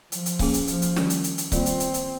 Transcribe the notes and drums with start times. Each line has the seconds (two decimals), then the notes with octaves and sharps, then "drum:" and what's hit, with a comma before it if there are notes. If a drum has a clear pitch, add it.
0.12 F3, drum: hi-hat
0.26 drum: hi-hat
0.39 A#3 C#4 G#4, drum: kick C#1, open hi-hat
0.54 drum: hi-hat
0.68 F3, drum: hi-hat
0.82 drum: hi-hat
0.96 D#3 G3 C#4, drum: snare
1.10 drum: hi-hat
1.24 drum: hi-hat
1.38 drum: hi-hat
1.52 D#3 G3 A#3 C4 F4, drum: kick C#1, hi-hat
1.66 drum: hi-hat
1.80 drum: hi-hat
1.94 drum: hi-hat